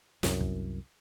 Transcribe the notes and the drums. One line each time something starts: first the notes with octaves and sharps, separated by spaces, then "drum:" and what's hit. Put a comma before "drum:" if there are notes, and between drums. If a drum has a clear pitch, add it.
C2 F#2, drum: snare
drum: kick